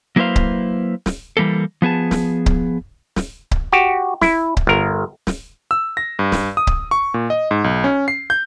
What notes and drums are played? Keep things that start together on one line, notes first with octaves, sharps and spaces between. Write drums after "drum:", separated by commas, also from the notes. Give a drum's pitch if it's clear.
F#3 A#3 E4 B4 C5 F5
drum: kick C#1
drum: snare
E3 G3 A#3 A4
F3 B3 G#4 A5
drum: snare
drum: kick C#1
drum: snare
drum: kick C#1
F#4 G4
E4, drum: snare
drum: kick C#1
G1 A#4
drum: snare
E6
A#6
G2
drum: snare
D#6
drum: kick C#1
C#6
A#2
D#5
G#2
B1
C#4
C7
G6